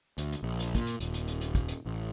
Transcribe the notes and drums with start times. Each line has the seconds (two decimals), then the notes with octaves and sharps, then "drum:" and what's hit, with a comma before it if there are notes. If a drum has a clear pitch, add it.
0.18 D2, drum: hi-hat
0.32 drum: hi-hat
0.43 A#1
0.60 drum: hi-hat
0.75 A#2, drum: kick, hi-hat
0.87 drum: hi-hat
1.00 D#1, drum: hi-hat
1.14 drum: hi-hat
1.28 drum: hi-hat
1.41 drum: hi-hat
1.55 drum: kick, hi-hat
1.68 drum: hi-hat
1.86 A1